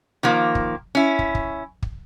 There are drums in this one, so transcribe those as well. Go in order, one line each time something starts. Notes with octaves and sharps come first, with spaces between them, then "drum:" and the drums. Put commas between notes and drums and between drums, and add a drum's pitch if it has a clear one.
D#3 F3 A#3
drum: kick
C#4 E4
drum: kick
drum: kick
drum: kick